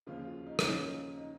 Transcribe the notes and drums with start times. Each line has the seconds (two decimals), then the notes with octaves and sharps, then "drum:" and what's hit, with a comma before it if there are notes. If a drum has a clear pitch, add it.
0.06 D#2 C#3 F3 F4
0.27 F4
0.46 D#4
0.59 C#4, drum: rim click
0.66 D#2 C#3 F3 D#4
1.17 D#4